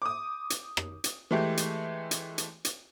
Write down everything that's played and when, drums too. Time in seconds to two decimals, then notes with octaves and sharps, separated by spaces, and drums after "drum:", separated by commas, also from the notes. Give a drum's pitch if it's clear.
0.02 D6 D#6
0.50 drum: hi-hat
0.77 drum: rim click
1.04 drum: hi-hat
1.31 E3 G#3 A3 G4
1.57 drum: hi-hat
2.11 drum: hi-hat
2.38 drum: hi-hat
2.65 drum: hi-hat